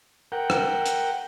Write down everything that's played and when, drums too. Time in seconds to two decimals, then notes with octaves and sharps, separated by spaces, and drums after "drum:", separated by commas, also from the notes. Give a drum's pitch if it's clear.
0.32 A#4 F#5 G5
0.50 drum: rim click
0.86 drum: hi-hat